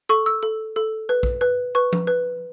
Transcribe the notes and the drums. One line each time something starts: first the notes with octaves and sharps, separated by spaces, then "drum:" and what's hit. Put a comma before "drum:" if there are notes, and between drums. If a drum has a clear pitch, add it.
A4 C#6
E6
A4
A4
B4
drum: kick
B4
B4 C#6
drum: tom F3
B4